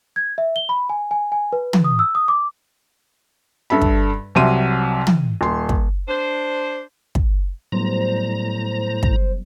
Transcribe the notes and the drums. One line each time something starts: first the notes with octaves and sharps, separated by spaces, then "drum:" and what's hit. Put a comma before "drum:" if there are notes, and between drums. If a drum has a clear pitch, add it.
G#6
E5
G7
B5
G#5
G#5
G#5
B4
drum: tom
D#6
E6
D#6
D6
G2 A4 E5 B5
drum: kick
C2 C3 F#3 E5 C6 D#7
drum: tom
D#1 C6
drum: kick
D4 C5
drum: kick
A2 F#3 G3 B3 C5 A#5
drum: kick